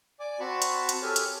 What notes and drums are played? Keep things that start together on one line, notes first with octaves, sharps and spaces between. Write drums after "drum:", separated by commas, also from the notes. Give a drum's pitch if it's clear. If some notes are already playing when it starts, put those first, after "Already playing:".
D5 G#5 D6
C4 F#4 A5 B5 C#6
drum: hi-hat
drum: hi-hat
G4 A4 A#4 C#5 G#5
drum: hi-hat